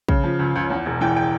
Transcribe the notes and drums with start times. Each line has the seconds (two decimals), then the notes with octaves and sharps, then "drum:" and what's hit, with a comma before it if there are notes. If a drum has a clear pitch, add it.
0.09 C#3, drum: kick
0.24 F3
0.39 C#2
0.55 C#2
0.70 E2
0.86 E1
1.01 E3 G5
1.16 G5